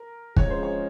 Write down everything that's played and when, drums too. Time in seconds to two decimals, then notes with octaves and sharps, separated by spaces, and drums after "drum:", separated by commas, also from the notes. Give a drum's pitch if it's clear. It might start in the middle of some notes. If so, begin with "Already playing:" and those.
Already playing: A#4
0.36 F3 G#3 C#4 G#4 C#5, drum: kick
0.50 C5
0.63 C#5